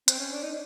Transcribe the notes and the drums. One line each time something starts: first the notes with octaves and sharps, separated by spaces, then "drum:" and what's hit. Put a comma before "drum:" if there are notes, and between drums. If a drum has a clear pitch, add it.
C4, drum: hi-hat
C#4
D4
D#4